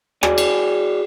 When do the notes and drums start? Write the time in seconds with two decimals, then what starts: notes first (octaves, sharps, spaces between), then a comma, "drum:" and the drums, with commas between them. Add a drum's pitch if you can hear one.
0.23 F#4 G#4 D5 G#5, drum: rim click
0.38 drum: cymbal